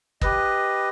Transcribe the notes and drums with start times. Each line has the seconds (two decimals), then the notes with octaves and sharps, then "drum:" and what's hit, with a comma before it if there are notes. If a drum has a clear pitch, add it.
0.21 G4 B4 D#5, drum: kick